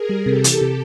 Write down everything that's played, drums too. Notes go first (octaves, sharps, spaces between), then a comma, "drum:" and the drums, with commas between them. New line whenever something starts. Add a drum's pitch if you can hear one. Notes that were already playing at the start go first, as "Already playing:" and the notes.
Already playing: G#4 A#4
G3
C3 G4 A4
E3, drum: hi-hat
C3